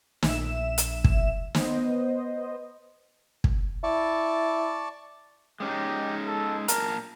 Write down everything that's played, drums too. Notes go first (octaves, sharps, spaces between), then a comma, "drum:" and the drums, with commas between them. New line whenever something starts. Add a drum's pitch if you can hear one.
A#1 E5 E7, drum: snare
drum: hi-hat
drum: kick
B3 C5 D#5, drum: snare
drum: kick
E4 D5 A5 C#6
G#3 C#4 D#4 G4
A4
A#2 A#4 A5 A#5, drum: hi-hat